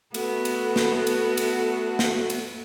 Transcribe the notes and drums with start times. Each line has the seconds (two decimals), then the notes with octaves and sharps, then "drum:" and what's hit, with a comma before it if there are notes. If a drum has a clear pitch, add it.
0.14 A3 B3 F#4 A4, drum: cymbal
0.45 drum: cymbal
0.76 drum: snare
1.07 drum: cymbal
1.37 drum: cymbal
1.99 drum: snare
2.30 drum: cymbal